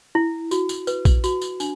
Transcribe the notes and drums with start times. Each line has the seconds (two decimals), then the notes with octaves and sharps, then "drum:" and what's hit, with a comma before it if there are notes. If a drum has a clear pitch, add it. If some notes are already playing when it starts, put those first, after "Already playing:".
0.15 E4
0.51 F#4, drum: tambourine
0.69 drum: tambourine
0.87 B4, drum: tambourine
1.05 drum: kick A#1, tambourine
1.24 F#4, drum: tambourine
1.41 drum: tambourine
1.60 D4, drum: tambourine